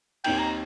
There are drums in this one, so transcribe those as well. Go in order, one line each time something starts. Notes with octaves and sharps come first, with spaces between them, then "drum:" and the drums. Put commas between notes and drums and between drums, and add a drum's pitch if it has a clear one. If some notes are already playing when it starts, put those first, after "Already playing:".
D#2 D#3 C4 D#4 A#4 G5, drum: cymbal
A#5